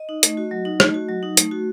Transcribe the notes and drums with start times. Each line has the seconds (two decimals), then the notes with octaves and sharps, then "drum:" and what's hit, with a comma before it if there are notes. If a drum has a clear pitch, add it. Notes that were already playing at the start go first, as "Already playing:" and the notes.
Already playing: D#5
0.09 D#4
0.23 A3, drum: hi-hat
0.37 F#4
0.51 F#3
0.65 D#4
0.80 A3, drum: rim click
0.94 F#4
1.09 F#3
1.23 D#4
1.37 A3, drum: hi-hat
1.51 F#4